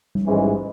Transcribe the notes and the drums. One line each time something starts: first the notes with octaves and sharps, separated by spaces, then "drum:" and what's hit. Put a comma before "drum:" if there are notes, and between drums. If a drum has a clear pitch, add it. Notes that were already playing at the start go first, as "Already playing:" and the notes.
drum: tom G3
A1 G#2 E3 G#3 C#4